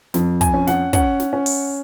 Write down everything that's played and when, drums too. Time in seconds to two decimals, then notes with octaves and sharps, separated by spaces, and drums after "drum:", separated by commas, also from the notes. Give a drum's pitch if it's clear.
0.14 F2, drum: snare
0.41 G#5, drum: kick, hi-hat
0.54 C#4
0.67 F#5, drum: snare
0.93 C#4 F#5, drum: kick, hi-hat
1.20 drum: snare
1.33 C#4
1.46 drum: open hi-hat